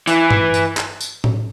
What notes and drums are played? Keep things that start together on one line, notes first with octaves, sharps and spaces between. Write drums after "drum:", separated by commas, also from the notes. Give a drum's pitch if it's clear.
E3, drum: tambourine
drum: tom G2
drum: tambourine
drum: clap
drum: tambourine
drum: tom A2